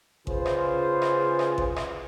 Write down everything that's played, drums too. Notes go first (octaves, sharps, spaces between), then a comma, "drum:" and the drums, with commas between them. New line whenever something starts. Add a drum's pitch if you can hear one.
C#3 F4 G#4 B4 C5, drum: kick A1
drum: rim click
drum: rim click
drum: rim click
drum: kick A1
drum: rim click